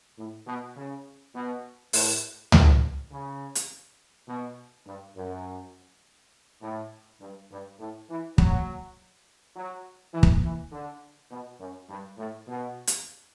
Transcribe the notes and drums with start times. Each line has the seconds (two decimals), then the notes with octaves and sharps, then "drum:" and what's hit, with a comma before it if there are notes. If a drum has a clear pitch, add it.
0.18 A2
0.47 B2
0.77 C#3
1.35 B2
1.93 A2, drum: open hi-hat
2.52 A2, drum: tom C#2
3.11 C#3
3.55 drum: hi-hat
4.28 B2
4.86 G2
5.15 F#2
6.62 A2
7.20 G2
7.51 G2
7.80 A2
8.09 E3
8.38 F#3, drum: kick
9.56 F#3
10.13 E3
10.23 drum: kick
10.43 E3
10.72 D3
11.31 B2
11.60 F#2
11.89 G2
12.18 A2
12.47 B2
12.87 drum: hi-hat